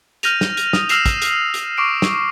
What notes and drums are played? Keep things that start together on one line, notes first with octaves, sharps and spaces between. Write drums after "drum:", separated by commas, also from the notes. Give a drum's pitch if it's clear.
F6 G6 A#6 D#7 F7, drum: hi-hat
drum: snare
drum: hi-hat
D#6, drum: snare
E6 F6 A#6 C7 E7 F7, drum: hi-hat
drum: kick, hi-hat
drum: hi-hat
drum: hi-hat
C#6 D6 C7 D7
drum: snare